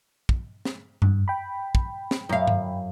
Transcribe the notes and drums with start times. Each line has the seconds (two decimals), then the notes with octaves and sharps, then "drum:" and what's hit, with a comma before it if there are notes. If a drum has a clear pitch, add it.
0.29 drum: kick
0.65 drum: snare
1.02 G2, drum: tom F#2
1.28 G5 B5
1.75 drum: kick
2.11 drum: snare
2.29 F#2 F5
2.47 drum: tom G2